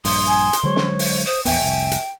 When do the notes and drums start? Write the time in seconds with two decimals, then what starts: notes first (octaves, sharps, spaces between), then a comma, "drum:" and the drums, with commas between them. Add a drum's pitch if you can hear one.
0.05 A#1 G2 C6 D#6, drum: open hi-hat
0.27 G#5
0.53 drum: hi-hat
0.63 D3 F#3 G#3 C5 C#5
0.76 drum: snare
0.99 drum: open hi-hat
1.26 C5 D#6
1.45 A#1 E2 B3 E5 G5 G#5, drum: open hi-hat
1.60 F1 C2
1.91 drum: hi-hat